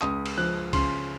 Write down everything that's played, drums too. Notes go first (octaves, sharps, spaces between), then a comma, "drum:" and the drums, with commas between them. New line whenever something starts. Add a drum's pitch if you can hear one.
C#2 D#6, drum: clap
drum: cymbal
F3 F#6
C#3 C6, drum: kick C2, cymbal